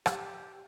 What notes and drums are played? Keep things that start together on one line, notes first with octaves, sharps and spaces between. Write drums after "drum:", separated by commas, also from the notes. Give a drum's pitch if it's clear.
G4, drum: rim click